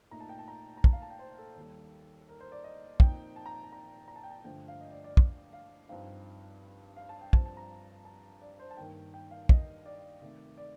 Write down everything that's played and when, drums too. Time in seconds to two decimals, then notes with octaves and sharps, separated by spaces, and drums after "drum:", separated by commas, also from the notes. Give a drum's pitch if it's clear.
0.11 A#2 A3 D#4 A#5
0.20 A5
0.29 G5
0.39 A5
0.48 A#5
0.77 A#5
0.84 A5, drum: kick
0.93 F5
1.02 A5
1.10 G5
1.19 C5
1.38 A4
1.56 D#2 D#3 G3
2.29 A#4
2.40 C5
2.52 D5
2.64 D#5
3.00 A#2 F3 C4 D#4 G5, drum: kick
3.36 A5
3.46 A#5
3.63 A5
3.72 A#5
4.08 A#5
4.16 A5
4.23 G5
4.31 A5
4.44 G2 D3 F3 A3 G5
4.68 F5
4.81 D#5
4.92 D5
5.04 D5
5.17 D5, drum: kick
5.53 F5
5.89 G2 F3 C4 D#4 F5
6.96 F5
7.09 A5
7.21 G5
7.33 G2 F3 C4 A5, drum: kick
7.45 A5
7.57 A#5
8.05 A5
8.41 D5
8.59 C5
8.71 A5
8.77 G2 D#3 A#3 G5
9.14 G5
9.31 F5
9.49 D#5, drum: kick
9.86 D5
10.22 C3 D#3 A3
10.58 D5